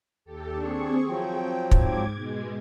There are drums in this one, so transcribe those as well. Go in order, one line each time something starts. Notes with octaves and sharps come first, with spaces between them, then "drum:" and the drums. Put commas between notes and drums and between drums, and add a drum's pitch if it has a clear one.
D#2 G4 A4
C4 D4 G#4 C#6
F3 F#3 C4 G5
G#2 D6 G#6, drum: kick
B2 G#3